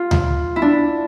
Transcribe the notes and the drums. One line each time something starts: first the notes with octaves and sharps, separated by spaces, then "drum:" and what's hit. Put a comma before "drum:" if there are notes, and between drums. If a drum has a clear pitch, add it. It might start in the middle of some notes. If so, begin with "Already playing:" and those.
Already playing: F4
drum: tom D2
E4
D4